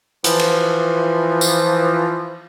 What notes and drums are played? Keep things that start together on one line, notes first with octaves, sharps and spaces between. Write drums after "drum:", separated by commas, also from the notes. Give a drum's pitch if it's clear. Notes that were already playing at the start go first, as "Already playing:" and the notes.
E3 F3, drum: hi-hat
drum: cymbal
drum: tambourine